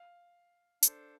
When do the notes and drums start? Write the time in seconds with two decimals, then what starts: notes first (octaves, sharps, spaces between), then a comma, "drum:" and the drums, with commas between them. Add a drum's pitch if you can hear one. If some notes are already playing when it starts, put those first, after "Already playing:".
Already playing: F5
0.83 D4 A4 C5, drum: hi-hat